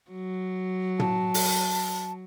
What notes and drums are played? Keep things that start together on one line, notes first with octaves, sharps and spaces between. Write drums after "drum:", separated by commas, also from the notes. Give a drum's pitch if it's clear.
F#3
A5, drum: tom
drum: open hi-hat